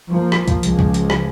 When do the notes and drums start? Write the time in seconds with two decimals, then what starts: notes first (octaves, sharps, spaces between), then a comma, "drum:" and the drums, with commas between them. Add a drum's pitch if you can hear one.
0.10 F3 A#3
0.32 drum: rim click
0.48 drum: kick C#2, hi-hat
0.63 C#2 F3 G#3, drum: hi-hat
0.79 drum: kick C#2
0.94 drum: hi-hat
1.10 drum: rim click